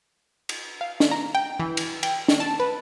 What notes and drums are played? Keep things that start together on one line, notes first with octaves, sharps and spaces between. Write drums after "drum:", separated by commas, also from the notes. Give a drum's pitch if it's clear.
drum: cymbal
F5
drum: snare
A#5
G5
E3
drum: cymbal
G5, drum: cymbal
drum: snare
A5
B4